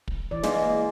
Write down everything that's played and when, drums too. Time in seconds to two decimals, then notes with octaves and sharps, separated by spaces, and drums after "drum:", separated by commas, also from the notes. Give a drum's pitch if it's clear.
0.08 drum: kick
0.31 E3 D5
0.43 G#3 A#3, drum: snare